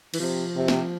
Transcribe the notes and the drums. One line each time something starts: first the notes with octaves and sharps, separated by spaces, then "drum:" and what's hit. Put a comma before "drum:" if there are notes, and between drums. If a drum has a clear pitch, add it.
E3, drum: cymbal
C3 F3
C3
drum: snare